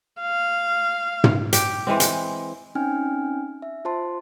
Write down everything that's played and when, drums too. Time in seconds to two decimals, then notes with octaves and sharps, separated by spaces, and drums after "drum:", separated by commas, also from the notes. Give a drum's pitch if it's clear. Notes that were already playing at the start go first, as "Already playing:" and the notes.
0.21 F5
1.24 drum: tom
1.53 G4, drum: hi-hat
1.87 E3 G#3 C4
2.00 drum: hi-hat
2.75 C4 C#4 D#4 G5 G#5 F6
3.62 E5
3.85 F4 C5 A5 C6